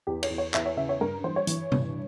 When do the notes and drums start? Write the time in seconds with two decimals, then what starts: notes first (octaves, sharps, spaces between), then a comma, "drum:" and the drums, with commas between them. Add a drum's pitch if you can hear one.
0.07 E2 G4
0.23 C#5, drum: cymbal
0.30 E2
0.38 C#5
0.54 E2 E5, drum: clap
0.66 C#5
0.77 C#3 E5
0.89 C#5
1.01 G2 A#4
1.24 E3 C5
1.36 C#5
1.47 E3, drum: hi-hat
1.72 G2, drum: tom C3